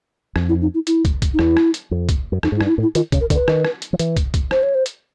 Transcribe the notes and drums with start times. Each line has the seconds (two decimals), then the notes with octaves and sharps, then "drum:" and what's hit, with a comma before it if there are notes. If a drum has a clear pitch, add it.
0.36 F2, drum: rim click
0.49 E4
0.62 D#4
0.74 E4
0.87 E4, drum: hi-hat
1.05 drum: kick, hi-hat
1.22 drum: kick, hi-hat
1.34 D#4
1.39 E2 E4, drum: rim click
1.57 drum: rim click
1.74 drum: hi-hat
1.91 F2
2.09 drum: kick, hi-hat
2.32 F#2
2.43 F2 D#4, drum: rim click
2.52 G#2
2.56 E4
2.61 G2, drum: rim click
2.65 D#4
2.69 E4
2.78 A2
2.82 E4
2.95 D#3 F4, drum: hi-hat
3.12 C#3, drum: kick, hi-hat
3.21 A#4
3.30 D3, drum: kick, hi-hat
3.35 B4
3.48 D#3, drum: rim click
3.65 drum: rim click
3.82 drum: hi-hat
3.93 F3
3.99 E3, drum: hi-hat
4.17 drum: kick, hi-hat
4.34 drum: kick, hi-hat
4.51 C5, drum: rim click
4.63 C#5
4.75 C5
4.86 drum: hi-hat